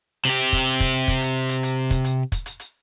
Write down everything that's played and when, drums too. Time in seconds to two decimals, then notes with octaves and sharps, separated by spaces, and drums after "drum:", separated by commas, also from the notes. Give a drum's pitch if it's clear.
0.25 C3 G4, drum: hi-hat
0.53 drum: kick, open hi-hat
0.80 drum: kick, hi-hat
1.08 drum: kick, hi-hat
1.22 drum: hi-hat
1.49 drum: hi-hat
1.63 drum: hi-hat
1.91 drum: kick, hi-hat
2.04 drum: hi-hat
2.32 drum: kick, hi-hat
2.46 drum: hi-hat
2.60 drum: hi-hat